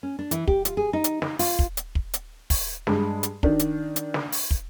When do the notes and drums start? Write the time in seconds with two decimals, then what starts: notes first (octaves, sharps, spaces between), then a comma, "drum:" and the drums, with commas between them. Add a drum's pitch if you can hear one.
0.03 C#4
0.19 D4
0.31 E3, drum: hi-hat
0.47 G4, drum: kick
0.65 F4, drum: hi-hat
0.77 G#4
0.93 D#4
1.04 drum: hi-hat
1.22 D#4, drum: snare
1.39 F4, drum: open hi-hat
1.59 drum: kick
1.77 drum: hi-hat
1.95 drum: kick
2.14 drum: hi-hat
2.50 drum: kick, open hi-hat
2.87 G2 G#3, drum: snare
3.23 drum: hi-hat
3.43 D#3 D4, drum: kick
3.59 drum: hi-hat
3.96 drum: hi-hat
4.14 drum: snare
4.32 drum: open hi-hat
4.51 drum: kick